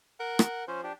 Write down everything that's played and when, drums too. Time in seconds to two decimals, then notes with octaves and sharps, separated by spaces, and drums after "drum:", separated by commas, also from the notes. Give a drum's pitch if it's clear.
0.20 A#4 F#5
0.39 drum: rim click
0.68 F3 C#4 C5
0.84 D4 G4